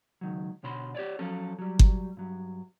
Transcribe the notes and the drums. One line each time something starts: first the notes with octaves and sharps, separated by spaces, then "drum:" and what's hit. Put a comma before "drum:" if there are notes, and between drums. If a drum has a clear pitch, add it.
C#2 D#3 F#3
B2 D3 C#5 B5 C6
G4 C#5 D5
F3 F#3 C#4 A4
F#3 G3
drum: kick G1
G2 F#3